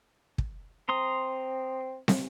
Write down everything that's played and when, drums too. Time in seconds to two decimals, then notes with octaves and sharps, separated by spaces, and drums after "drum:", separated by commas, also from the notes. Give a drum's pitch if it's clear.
0.38 drum: kick
0.89 C4 A#5 C6 D#6
2.08 drum: snare